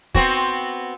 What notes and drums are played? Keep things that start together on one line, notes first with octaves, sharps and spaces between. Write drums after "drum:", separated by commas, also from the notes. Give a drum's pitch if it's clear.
B3 C4 F#4, drum: kick